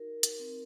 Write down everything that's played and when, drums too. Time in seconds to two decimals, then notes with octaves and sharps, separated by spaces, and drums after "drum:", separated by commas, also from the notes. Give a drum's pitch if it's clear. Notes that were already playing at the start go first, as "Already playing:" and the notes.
Already playing: D#4 F#4 A#4
0.23 drum: hi-hat
0.40 C4